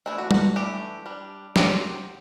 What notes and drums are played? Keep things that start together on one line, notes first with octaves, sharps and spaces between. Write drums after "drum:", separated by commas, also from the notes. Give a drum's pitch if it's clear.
E3 A3 D4 E4
F#4
F#4, drum: tom G3
E3 A3 D4 G4
G3 D4
F#3 C4 G4, drum: snare